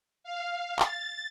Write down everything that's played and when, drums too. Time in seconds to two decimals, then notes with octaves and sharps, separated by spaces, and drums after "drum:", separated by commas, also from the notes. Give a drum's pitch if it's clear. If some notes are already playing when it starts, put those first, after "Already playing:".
0.24 F5
0.79 A6, drum: clap